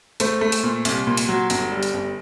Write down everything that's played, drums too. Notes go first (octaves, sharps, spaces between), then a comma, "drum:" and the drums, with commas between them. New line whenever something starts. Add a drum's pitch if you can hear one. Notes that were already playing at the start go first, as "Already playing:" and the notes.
A3 C5, drum: hi-hat
A3
drum: hi-hat
A#2
C2, drum: hi-hat
A#2
drum: hi-hat
F#3
G1, drum: hi-hat
G3
drum: hi-hat
G1